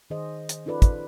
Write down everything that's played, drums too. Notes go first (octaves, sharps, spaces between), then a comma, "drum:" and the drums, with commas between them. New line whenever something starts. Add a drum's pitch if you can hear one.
D#3 G#4 C5 D#5
drum: hi-hat
C#4 D#4 F4 A4 B4 D5
drum: kick, hi-hat